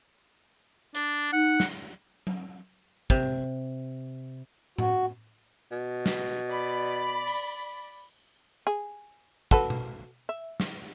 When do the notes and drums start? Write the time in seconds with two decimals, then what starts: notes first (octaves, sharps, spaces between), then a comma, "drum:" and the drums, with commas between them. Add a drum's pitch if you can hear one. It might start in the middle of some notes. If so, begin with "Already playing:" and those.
0.95 D4, drum: hi-hat
1.33 D#4 F#5
1.60 drum: snare
2.27 drum: tom F#3
3.10 C3, drum: kick
4.78 F#4, drum: tom A2
5.71 B2
6.06 drum: snare
6.49 D5 B5
7.27 drum: open hi-hat
8.67 G#4
9.51 F#4 A4 B4, drum: kick
9.70 drum: tom B2
10.29 E5
10.60 drum: snare